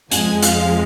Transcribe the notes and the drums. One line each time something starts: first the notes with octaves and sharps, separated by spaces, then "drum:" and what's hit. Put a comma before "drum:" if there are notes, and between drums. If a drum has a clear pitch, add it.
F2 F3 G#3 G#5, drum: hi-hat
F5, drum: hi-hat